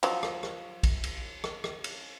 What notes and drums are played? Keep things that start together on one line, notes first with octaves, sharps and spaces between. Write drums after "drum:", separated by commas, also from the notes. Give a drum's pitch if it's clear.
F3 F#3, drum: cymbal
drum: rim click
drum: rim click
drum: kick, cymbal
drum: cymbal
drum: rim click
drum: rim click
drum: cymbal